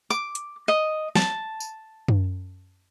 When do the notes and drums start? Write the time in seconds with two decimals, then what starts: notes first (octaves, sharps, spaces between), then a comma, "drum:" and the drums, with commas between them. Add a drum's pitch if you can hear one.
0.10 D6, drum: tambourine
0.35 drum: hi-hat
0.68 D#5
1.15 A5, drum: snare
1.60 drum: tambourine
2.08 drum: tom F#2